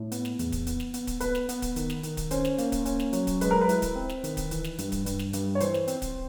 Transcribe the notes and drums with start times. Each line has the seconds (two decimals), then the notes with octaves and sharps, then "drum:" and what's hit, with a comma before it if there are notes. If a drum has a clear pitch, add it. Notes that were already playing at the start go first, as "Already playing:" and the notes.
Already playing: A2
0.12 B3, drum: hi-hat
0.25 drum: snare
0.39 E2, drum: hi-hat
0.52 drum: kick D1, hi-hat
0.67 B3, drum: hi-hat
0.80 drum: snare
0.94 B3, drum: hi-hat
1.07 drum: kick D1, hi-hat
1.20 B3 B4, drum: hi-hat
1.35 drum: snare
1.49 B3, drum: hi-hat
1.62 drum: kick D1, hi-hat
1.76 D#3, drum: hi-hat
1.90 drum: snare
2.03 D#3, drum: hi-hat
2.17 drum: kick D1, hi-hat
2.31 C#4 C5, drum: hi-hat
2.45 drum: snare
2.58 A#3, drum: hi-hat
2.72 drum: kick D1, hi-hat
2.86 C#4, drum: hi-hat
3.00 drum: snare
3.13 F#3, drum: hi-hat
3.27 drum: kick D1, hi-hat
3.41 G#3 B4, drum: hi-hat
3.51 A#4
3.61 B4
3.69 E4, drum: hi-hat
3.82 drum: kick D1, hi-hat
3.96 C4
4.09 drum: snare
4.24 D#3, drum: hi-hat
4.37 drum: kick D1, hi-hat
4.51 E3, drum: hi-hat
4.64 drum: snare
4.78 G2, drum: hi-hat
4.92 drum: kick D1, hi-hat
5.06 G2, drum: hi-hat
5.19 drum: snare
5.33 G2, drum: hi-hat
5.55 C#5
5.60 E3 C5, drum: hi-hat
5.74 drum: snare
5.88 C4, drum: hi-hat
6.02 drum: kick D1, hi-hat